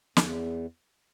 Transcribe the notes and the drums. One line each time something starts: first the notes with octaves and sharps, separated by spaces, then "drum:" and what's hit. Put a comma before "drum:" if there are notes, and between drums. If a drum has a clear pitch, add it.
E2, drum: snare